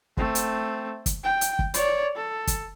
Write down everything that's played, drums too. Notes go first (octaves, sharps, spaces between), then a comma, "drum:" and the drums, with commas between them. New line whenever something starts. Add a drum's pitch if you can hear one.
A3 C4, drum: kick
drum: hi-hat
drum: kick, hi-hat
G5
drum: hi-hat
drum: kick
C#5 D5, drum: hi-hat
A4
drum: kick, hi-hat